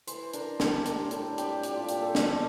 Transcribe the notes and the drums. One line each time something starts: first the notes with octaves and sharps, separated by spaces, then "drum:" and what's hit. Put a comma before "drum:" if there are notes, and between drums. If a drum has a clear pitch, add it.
E3 C5, drum: hi-hat
D4 A#4, drum: hi-hat
D4 G4, drum: snare
A2 A#4, drum: hi-hat
G3 A4, drum: hi-hat
C4 G4, drum: hi-hat
A#2 G4, drum: hi-hat
F4
A#2 G4, drum: hi-hat
A4
C4, drum: snare